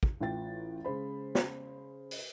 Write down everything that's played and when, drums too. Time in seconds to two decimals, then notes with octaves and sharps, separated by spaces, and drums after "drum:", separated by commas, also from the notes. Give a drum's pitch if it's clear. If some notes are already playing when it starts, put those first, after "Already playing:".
0.03 drum: kick
0.21 A1 E3 F4 G5 A6
0.84 C#3 G#3 C5 B5
1.35 drum: snare
2.11 drum: open hi-hat